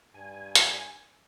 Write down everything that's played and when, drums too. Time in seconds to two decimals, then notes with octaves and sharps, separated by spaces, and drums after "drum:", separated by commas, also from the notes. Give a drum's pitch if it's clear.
0.14 G2 G#5
0.55 drum: hi-hat